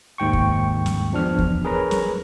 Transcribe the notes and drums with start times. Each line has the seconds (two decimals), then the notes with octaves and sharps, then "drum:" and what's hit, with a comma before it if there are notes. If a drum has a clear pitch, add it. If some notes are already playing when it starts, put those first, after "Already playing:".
0.18 D#2 G#2 G5 C#6
0.33 drum: kick
0.86 drum: snare
1.12 E2 F3 D4 F6
1.38 drum: kick
1.65 G#4 A#4 B4 C#5 A#5
1.91 drum: snare